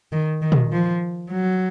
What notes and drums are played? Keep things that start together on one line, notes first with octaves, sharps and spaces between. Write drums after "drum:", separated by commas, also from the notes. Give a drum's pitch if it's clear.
D#3
D#3
drum: tom A#2
F3
F#3